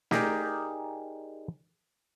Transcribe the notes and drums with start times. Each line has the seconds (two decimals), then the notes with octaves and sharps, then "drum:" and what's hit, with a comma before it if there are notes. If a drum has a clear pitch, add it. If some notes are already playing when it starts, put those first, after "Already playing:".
0.11 D#4 G4 G#4 A#4 D5, drum: snare